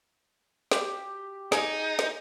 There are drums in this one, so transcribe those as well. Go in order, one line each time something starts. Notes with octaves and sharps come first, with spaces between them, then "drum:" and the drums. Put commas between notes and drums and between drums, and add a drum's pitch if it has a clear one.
G4, drum: snare
D#4 G#4, drum: snare
drum: snare